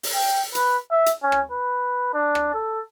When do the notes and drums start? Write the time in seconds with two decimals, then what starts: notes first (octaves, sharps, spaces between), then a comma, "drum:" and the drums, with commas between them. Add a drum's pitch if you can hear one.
0.03 drum: open hi-hat
0.14 G5
0.55 B4, drum: hi-hat
0.91 E5
1.06 drum: hi-hat
1.23 C#4
1.32 drum: rim click
1.52 B4
2.14 D4
2.35 drum: rim click
2.54 A4